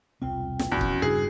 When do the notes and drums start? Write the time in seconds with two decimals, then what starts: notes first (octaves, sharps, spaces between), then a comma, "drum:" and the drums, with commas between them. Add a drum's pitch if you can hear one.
0.22 E1 C2 C4 F4 G5
0.59 drum: snare
0.72 E1 A#1 E2 C#4 F#4
0.81 drum: kick
1.02 G2 C#3 D4 E4 F#4 G#4